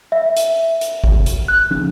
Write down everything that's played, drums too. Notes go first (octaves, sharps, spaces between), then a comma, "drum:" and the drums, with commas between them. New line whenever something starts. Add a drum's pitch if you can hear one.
E5
drum: hi-hat
drum: hi-hat
drum: kick
drum: hi-hat
F#6
drum: tom